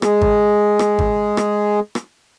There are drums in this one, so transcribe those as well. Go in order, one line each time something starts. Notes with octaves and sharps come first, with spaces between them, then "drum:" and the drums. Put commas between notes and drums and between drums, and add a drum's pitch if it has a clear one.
G#3 G#4, drum: rim click
drum: kick G#1
drum: rim click
drum: kick G#1
drum: rim click
drum: rim click